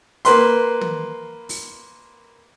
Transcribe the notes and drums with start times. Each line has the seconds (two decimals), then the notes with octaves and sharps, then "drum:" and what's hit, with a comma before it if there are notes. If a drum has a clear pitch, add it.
0.25 A#3 B4 C6, drum: hi-hat
0.81 drum: tom
1.49 drum: open hi-hat